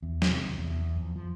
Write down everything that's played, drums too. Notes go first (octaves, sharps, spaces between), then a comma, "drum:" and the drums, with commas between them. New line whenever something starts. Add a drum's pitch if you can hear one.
E2
drum: snare
C3
D#2
E2
F2
F3